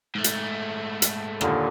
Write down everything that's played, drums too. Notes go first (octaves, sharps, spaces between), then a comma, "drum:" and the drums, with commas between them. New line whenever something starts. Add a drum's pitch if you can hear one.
G#2 A3
drum: hi-hat
drum: hi-hat
D#2 A#2 D3, drum: rim click